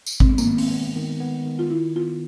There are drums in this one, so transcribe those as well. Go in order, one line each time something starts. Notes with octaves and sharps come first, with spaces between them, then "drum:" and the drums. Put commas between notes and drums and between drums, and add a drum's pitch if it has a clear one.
drum: tambourine
G#3 C4, drum: kick G#1
B3
A#3, drum: tambourine
D#3 B3
C4, drum: open hi-hat
B3
D#3
B3
D#3
F4
D#3 E4
B3 F4